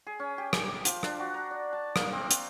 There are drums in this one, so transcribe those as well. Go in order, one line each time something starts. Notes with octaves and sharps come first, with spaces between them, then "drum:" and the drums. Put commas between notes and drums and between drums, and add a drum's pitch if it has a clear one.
G#4
C#4
G4
D6, drum: rim click
F3, drum: hi-hat
D4, drum: rim click
F#4
A#5
D5
A5
A#3, drum: rim click
C4
drum: hi-hat